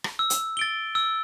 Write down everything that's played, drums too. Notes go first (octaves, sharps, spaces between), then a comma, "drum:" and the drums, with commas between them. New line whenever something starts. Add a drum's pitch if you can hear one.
drum: rim click
E6
drum: hi-hat
A6 D7 G7
E6